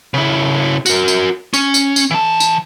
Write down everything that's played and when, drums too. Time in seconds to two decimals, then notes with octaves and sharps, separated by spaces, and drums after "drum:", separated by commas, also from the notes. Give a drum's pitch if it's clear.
0.14 C#3 E4
0.86 F#4 A#4, drum: tambourine
1.08 drum: tambourine
1.54 C#4, drum: tambourine
1.74 drum: tambourine
1.96 drum: tambourine
2.11 E3 A5
2.40 drum: tambourine